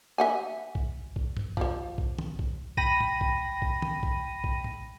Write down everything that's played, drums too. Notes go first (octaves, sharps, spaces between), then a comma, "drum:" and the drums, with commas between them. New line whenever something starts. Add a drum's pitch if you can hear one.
E5 F#5 G#5
drum: kick A#1
drum: kick A#1
drum: tom G2
F3 C5, drum: kick A#1
drum: kick A#1
drum: tom
drum: kick A#1
G5 B5 A#6 D#7, drum: kick A#1
drum: tom A2
drum: kick A#1
drum: kick A#1
drum: tom
drum: kick A#1
drum: kick A#1
drum: tom A2